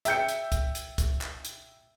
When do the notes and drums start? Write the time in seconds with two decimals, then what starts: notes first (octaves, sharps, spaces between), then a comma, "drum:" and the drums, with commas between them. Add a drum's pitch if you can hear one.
0.05 E5 G5 G6 C#7, drum: hi-hat
0.28 drum: hi-hat
0.52 drum: kick, hi-hat
0.75 drum: hi-hat
0.98 drum: kick, hi-hat
1.21 drum: clap
1.45 drum: hi-hat